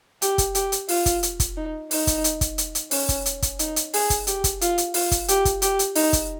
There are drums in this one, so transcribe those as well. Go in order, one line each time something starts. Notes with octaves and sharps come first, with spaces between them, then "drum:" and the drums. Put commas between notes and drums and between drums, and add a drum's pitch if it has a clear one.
G4, drum: hi-hat
drum: kick, hi-hat
G4, drum: hi-hat
drum: hi-hat
F4, drum: open hi-hat
drum: kick, hi-hat
drum: hi-hat
drum: kick, hi-hat
D#4
D#4, drum: open hi-hat
drum: kick, hi-hat
drum: hi-hat
drum: kick, hi-hat
drum: hi-hat
drum: hi-hat
C#4, drum: open hi-hat
drum: kick, hi-hat
drum: hi-hat
drum: kick, hi-hat
D#4, drum: hi-hat
drum: hi-hat
G#4, drum: open hi-hat
drum: kick, hi-hat
G4, drum: hi-hat
drum: kick, hi-hat
F4, drum: hi-hat
drum: hi-hat
F4, drum: open hi-hat
drum: kick, hi-hat
G4, drum: hi-hat
drum: kick, hi-hat
G4, drum: hi-hat
drum: hi-hat
D#4, drum: open hi-hat
drum: kick, hi-hat